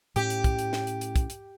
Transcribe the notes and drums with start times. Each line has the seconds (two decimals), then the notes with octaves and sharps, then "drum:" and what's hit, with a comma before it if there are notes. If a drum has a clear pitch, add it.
0.16 A2 C#4 G4, drum: hi-hat
0.30 drum: hi-hat
0.44 drum: kick, hi-hat
0.59 drum: hi-hat
0.73 drum: snare
0.87 drum: hi-hat
1.01 drum: hi-hat
1.16 drum: kick, hi-hat
1.30 drum: hi-hat